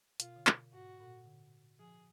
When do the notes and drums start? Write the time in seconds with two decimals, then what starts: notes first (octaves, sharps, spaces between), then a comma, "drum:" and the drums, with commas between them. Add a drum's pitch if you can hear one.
0.20 B2 F4, drum: hi-hat
0.36 D3
0.47 B2, drum: clap
0.73 G#2 F#4
1.00 A#2
1.26 D3
1.79 F3 G#4